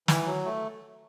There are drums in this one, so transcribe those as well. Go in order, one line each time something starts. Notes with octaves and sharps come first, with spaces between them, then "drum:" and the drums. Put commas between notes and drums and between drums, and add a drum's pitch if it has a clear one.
E3, drum: snare
F#3
A3